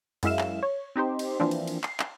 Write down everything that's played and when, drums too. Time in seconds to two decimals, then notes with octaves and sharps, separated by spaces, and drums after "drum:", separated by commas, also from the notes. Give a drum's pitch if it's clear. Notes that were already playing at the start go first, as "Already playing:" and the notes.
0.23 F#2 G#3 E4 E5 F5 E7, drum: cymbal
0.39 drum: clap
0.63 C#5
0.96 C4 D#4 G4 C5
1.19 drum: cymbal
1.40 E3 F3 A#3 C4 D4
1.51 drum: cymbal
1.67 drum: cymbal
1.84 C7, drum: clap
2.00 drum: clap